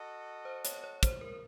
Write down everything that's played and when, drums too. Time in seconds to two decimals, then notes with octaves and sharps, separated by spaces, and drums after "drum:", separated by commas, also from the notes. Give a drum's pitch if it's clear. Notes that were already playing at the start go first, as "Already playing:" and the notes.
Already playing: F#4 A4 D#5
0.45 C5
0.65 C#5, drum: hi-hat
0.84 C#5
1.03 C5, drum: kick, hi-hat
1.21 A#4